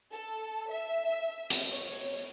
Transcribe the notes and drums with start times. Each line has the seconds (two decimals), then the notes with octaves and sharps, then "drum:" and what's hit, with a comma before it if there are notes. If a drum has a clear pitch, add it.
0.13 A4
0.70 E5
1.50 drum: hi-hat
1.71 C#5